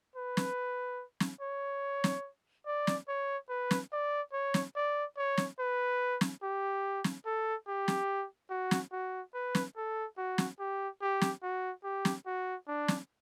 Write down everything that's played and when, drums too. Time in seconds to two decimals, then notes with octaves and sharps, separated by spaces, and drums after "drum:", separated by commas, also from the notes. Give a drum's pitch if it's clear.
0.16 B4
0.37 drum: snare
1.20 drum: snare
1.41 C#5
2.04 drum: snare
2.66 D5
2.87 drum: snare
3.08 C#5
3.49 B4
3.71 drum: snare
3.92 D5
4.33 C#5
4.54 drum: snare
4.76 D5
5.17 C#5
5.37 drum: snare
5.59 B4
6.21 drum: snare
6.42 G4
7.04 drum: snare
7.26 A4
7.67 G4
7.88 drum: snare
8.50 F#4
8.71 drum: snare
8.92 F#4
9.34 B4
9.55 drum: snare
9.76 A4
10.17 F#4
10.38 drum: snare
10.59 G4
11.01 G4
11.21 drum: snare
11.42 F#4
11.84 G4
12.05 drum: snare
12.26 F#4
12.67 D4
12.88 drum: snare